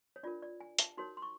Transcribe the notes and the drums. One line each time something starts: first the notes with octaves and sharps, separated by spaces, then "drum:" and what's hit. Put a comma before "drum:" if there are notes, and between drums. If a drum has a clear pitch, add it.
C#5
D4 F4 A#4 D5
D5
G#5
A5, drum: hi-hat
D#4 F#4 A#4 C#5 C6
C6
C#6